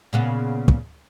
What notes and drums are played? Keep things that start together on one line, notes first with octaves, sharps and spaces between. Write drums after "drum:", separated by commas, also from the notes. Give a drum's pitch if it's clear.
A#2 C#3 B3
drum: kick